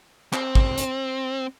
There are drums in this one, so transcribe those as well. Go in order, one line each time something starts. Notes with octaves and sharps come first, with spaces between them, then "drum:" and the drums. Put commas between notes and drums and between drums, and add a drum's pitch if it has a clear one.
C4, drum: clap
drum: kick
drum: hi-hat